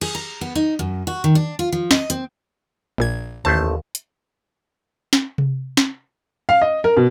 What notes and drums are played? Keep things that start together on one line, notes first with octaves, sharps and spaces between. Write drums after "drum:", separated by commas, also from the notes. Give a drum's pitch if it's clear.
G#4, drum: cymbal
A#5
B3
D#4
F#2
F#4
D#3
D4
F4
F3
D#5, drum: snare
C4, drum: hi-hat
A#1 A#2 G#6
A1 D#2 A3 C5 A5
drum: hi-hat
drum: snare
drum: tom C3
drum: snare
F5
D#5
A#4
B2